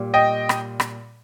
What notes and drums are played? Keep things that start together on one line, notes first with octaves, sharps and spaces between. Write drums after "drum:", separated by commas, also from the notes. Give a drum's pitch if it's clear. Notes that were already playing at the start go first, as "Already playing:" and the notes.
Already playing: A#2 G3
D#5 G5
drum: rim click
drum: rim click